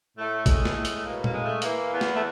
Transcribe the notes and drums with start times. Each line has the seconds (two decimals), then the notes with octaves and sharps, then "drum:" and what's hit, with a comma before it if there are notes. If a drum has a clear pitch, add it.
0.17 A2 A3
0.46 G#3 A3, drum: kick A#1, hi-hat
0.65 drum: snare
0.75 A2 A3
0.85 drum: hi-hat
0.94 A3
1.04 B2 A#3
1.24 A#3, drum: tom A#2
1.33 G#3
1.43 A3
1.62 E3 A#3, drum: hi-hat
1.91 E2 B3
2.01 drum: snare
2.13 A3